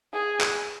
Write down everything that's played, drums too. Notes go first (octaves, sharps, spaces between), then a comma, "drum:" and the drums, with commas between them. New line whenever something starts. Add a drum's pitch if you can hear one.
G#4
drum: clap